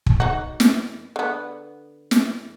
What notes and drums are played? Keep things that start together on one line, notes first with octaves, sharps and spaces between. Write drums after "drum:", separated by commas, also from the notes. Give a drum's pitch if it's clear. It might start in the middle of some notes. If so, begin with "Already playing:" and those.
drum: kick
D#4 F#4
drum: snare
D3 B3
drum: snare